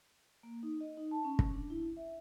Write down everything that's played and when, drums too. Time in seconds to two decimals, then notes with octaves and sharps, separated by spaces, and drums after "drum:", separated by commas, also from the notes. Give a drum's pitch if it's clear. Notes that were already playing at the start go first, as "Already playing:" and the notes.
0.43 A#3
0.63 D#4
0.81 D#5
0.97 D#4
1.11 A5
1.25 C#4
1.39 drum: kick
1.54 D4
1.70 E4
1.97 E5